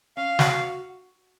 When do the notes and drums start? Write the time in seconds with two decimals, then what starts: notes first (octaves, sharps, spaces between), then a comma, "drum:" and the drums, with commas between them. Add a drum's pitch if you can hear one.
0.17 C#4 F5
0.39 F#4, drum: snare